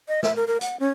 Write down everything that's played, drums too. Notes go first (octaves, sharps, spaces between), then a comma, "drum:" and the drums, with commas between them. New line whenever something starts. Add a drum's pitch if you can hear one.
D#5
E5, drum: snare
A#4
A#4
F#5, drum: hi-hat
C#4